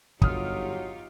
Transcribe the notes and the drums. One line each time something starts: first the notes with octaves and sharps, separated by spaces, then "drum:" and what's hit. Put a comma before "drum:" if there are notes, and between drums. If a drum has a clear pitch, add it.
G1 F#3 D#4 F4 G4 D#6 F6, drum: kick